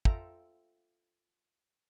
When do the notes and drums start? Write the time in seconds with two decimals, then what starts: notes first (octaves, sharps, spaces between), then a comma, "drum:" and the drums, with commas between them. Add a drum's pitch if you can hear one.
0.05 F4 A4 E5 G5 A#5, drum: kick